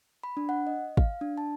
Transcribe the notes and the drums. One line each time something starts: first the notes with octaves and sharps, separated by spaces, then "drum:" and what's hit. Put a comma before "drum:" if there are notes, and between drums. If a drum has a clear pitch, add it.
B5
D4
F#5
D#5
F5, drum: kick
D4
A5